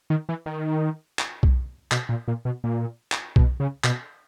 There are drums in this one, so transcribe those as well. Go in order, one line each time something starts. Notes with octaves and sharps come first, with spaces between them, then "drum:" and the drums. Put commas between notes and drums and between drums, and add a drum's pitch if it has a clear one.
D#3
E3
D#3
drum: clap
drum: kick B1
B2, drum: clap
A#2
A#2
B2
A#2
drum: clap
B2, drum: kick B1
C#3
B2, drum: clap